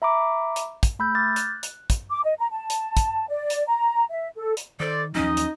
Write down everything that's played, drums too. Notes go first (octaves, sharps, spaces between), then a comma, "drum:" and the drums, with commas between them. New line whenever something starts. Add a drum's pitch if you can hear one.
E5 A#5 B5 D6
drum: hi-hat
drum: kick, hi-hat
A3 B5 E6 G6
D6 F6 G6 A6
F#6, drum: hi-hat
drum: hi-hat
drum: kick, hi-hat
D6
D#5
A#5
A5
drum: hi-hat
drum: kick, hi-hat
D5
drum: hi-hat
A#5
E5
A4
drum: hi-hat
D#3 A4 C5 D5
D#2 F3 F#3 C#4 D#4 D#5
drum: hi-hat